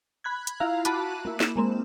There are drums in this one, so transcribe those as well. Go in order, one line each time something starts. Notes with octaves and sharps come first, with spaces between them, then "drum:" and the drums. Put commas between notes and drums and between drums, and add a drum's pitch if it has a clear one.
B5 F#6 G#6
drum: hi-hat
E4 F4 F5 A#5
F#4 A5 B5 D6 F#6 D#7, drum: hi-hat
A#3 E4
E7, drum: snare
G#3 A#3 C4